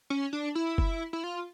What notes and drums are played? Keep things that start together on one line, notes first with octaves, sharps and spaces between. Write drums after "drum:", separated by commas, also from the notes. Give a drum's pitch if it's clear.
C#4
D4
E4
drum: kick
E4
F4